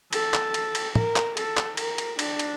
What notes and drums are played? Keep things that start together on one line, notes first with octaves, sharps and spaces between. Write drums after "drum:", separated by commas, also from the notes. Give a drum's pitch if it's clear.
A4, drum: cymbal
drum: clap
drum: cymbal
drum: cymbal
A#4, drum: tom
drum: clap
A4, drum: cymbal
drum: clap
A#4, drum: cymbal
drum: cymbal
D4, drum: cymbal
drum: cymbal